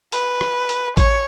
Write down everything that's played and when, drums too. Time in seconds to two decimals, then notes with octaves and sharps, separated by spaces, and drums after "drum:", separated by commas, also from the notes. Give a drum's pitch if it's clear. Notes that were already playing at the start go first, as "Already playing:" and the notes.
0.12 B4, drum: hi-hat
0.41 drum: rim click
0.69 drum: hi-hat
0.97 C#5, drum: kick A1, hi-hat